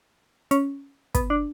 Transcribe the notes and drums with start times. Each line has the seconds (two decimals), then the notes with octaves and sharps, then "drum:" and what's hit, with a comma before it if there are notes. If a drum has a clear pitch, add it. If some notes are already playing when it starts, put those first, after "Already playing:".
0.51 C#4, drum: hi-hat
1.15 B3, drum: kick, hi-hat
1.30 D4